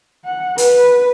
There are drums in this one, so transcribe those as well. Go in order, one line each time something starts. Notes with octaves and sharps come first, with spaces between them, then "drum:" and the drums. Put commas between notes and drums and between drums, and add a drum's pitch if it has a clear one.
F#5
B4, drum: hi-hat